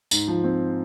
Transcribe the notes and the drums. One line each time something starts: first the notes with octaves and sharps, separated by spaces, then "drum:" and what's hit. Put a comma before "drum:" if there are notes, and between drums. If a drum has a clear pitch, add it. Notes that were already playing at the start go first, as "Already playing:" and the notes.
G#2, drum: tambourine
F3
C4